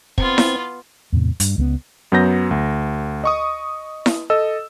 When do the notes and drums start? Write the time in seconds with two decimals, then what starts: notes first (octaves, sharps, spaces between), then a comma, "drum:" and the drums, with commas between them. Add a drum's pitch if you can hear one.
0.18 B3 C4 F4 G#6, drum: kick
0.38 drum: snare E4
1.12 E2 A2 C3
1.40 G2, drum: hi-hat
1.58 C#2 G#3 B3
2.12 F#2 F#3 B3 G6 A#6
2.51 D2
3.24 D#5 C#6 D#6
4.06 drum: snare E4
4.30 A4 D#5 E6